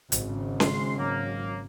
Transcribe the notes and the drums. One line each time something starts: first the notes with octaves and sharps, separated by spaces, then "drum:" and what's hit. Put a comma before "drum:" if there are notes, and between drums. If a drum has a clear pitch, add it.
G#1 C#3, drum: hi-hat
G#3 C6, drum: snare C#4
F#3 A#3